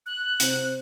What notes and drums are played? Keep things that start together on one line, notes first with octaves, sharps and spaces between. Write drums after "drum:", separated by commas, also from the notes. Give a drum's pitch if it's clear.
F#6
C3 C4, drum: hi-hat